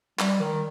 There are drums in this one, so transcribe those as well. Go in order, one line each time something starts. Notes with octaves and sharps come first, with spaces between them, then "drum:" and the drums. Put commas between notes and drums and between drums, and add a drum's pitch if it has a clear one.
G3, drum: clap
D#3